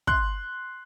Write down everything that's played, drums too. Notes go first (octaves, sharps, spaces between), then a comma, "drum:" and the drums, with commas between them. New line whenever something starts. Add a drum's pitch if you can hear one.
C6 F#6, drum: kick